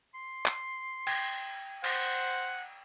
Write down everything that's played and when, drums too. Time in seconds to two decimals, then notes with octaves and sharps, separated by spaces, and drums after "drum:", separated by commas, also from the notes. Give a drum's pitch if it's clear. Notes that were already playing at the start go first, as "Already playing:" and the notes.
0.15 C6
0.46 drum: clap
1.07 G5 G#6, drum: cymbal
1.84 C5 F#5, drum: cymbal